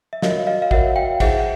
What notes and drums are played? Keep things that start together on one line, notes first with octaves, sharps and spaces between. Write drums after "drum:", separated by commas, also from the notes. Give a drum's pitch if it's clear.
E5
F#4 A#4 C#5 D#5 F5, drum: snare
D#5 F5
F5
F#4 A#4 C#5 E5 F#5, drum: kick
F5 G5
E4 G#4 C5 E5 F#5, drum: kick, cymbal